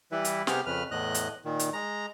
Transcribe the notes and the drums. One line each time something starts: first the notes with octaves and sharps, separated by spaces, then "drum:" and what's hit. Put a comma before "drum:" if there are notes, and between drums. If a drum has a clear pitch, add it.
E3 G3 E4 B4
drum: hi-hat
C3 B3 G4 G#4 F6, drum: snare
F2 C#3 B4 F6
E2 A2 D#5 F#6
drum: hi-hat
A#2 D#3
drum: hi-hat
G#3 A#5